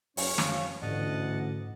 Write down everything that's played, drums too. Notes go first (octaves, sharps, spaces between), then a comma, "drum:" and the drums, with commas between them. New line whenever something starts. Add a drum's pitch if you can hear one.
F#1 F#2 C#4 C#5 F5, drum: open hi-hat
drum: snare
A1 D2 G#2 D3 D#5 F#5 A5